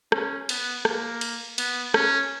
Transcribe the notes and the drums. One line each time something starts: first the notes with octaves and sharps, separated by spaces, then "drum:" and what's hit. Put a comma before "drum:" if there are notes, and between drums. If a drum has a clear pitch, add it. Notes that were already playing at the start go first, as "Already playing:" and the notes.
C#4, drum: rim click
B3, drum: cymbal
A#3, drum: rim click
drum: cymbal
B3, drum: cymbal
C#4, drum: rim click